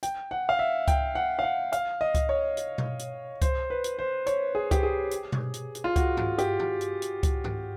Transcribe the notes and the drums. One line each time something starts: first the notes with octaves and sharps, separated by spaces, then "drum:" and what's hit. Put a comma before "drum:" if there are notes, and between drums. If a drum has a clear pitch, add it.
G5, drum: hi-hat
F#5
F5
E5
G5, drum: kick C#2, hi-hat
F#5
F5
F#5
F5, drum: hi-hat
D#5
drum: kick C#2, hi-hat
C#5
drum: hi-hat
drum: tom B2
drum: hi-hat
C5, drum: kick C#2, hi-hat
B4
drum: hi-hat
C5
C#5, drum: hi-hat
G#4
G4, drum: kick C#2, hi-hat
G#4
drum: hi-hat
drum: tom B2
drum: hi-hat
drum: hi-hat
F4
F#4, drum: kick C#2, hi-hat
drum: tom G2
G4, drum: hi-hat
drum: tom G2
drum: hi-hat
drum: hi-hat
drum: kick C#2, hi-hat
drum: tom G2